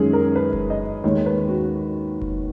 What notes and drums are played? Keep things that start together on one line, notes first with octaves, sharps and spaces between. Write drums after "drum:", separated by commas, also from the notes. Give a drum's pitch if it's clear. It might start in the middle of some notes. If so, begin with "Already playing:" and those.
Already playing: F#2 D#3 G#3 C#4 G#4
A#4
B4
drum: kick F1
D#5
D#2 D#3 G#3 C#5
B4
F#4
drum: kick F1